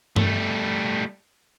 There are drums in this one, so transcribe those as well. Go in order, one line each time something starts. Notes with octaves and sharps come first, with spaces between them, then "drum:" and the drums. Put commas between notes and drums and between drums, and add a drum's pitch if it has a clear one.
G3 A3, drum: tom G2